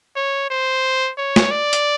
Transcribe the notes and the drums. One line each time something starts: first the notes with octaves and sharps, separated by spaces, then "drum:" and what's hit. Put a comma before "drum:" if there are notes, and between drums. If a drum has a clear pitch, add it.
C#5
C5
C#5
drum: snare
D5
drum: hi-hat